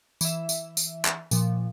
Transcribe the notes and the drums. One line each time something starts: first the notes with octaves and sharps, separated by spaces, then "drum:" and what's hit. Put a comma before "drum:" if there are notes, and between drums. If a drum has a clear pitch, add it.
E3 E5, drum: tambourine
drum: tambourine
drum: tambourine
drum: clap
A#2 F3, drum: tambourine